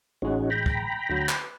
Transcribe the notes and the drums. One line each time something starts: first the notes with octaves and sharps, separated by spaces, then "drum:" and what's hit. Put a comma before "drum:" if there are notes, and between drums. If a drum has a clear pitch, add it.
A1 G#3 C#4 D#4 F#4
G5 A#5 B5
drum: kick
D2 F#3
B4, drum: clap